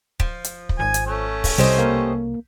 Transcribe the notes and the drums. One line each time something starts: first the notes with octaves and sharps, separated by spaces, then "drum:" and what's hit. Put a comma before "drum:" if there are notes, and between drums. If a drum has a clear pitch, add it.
F3, drum: kick
drum: hi-hat
drum: kick
G#1 G#5
drum: hi-hat
A3 C#4
drum: kick, open hi-hat
C2 G4 C5 D#5
A#3